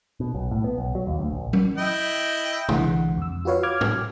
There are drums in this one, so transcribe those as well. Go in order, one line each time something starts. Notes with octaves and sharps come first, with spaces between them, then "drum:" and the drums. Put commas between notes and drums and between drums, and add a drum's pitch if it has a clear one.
B2
B1
A2
B3
B1
F#3
D#2
D2
A#1
drum: tom F#3
E4 D#5 G5
B1 D3 E3 G#3 F#5, drum: tom C3
F2 E6
F4 F#4 B4 C#5 F5
D6 F6 G#6
drum: tom